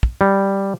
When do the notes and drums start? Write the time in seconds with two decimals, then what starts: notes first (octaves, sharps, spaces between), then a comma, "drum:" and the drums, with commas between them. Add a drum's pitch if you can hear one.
0.03 drum: kick
0.21 G3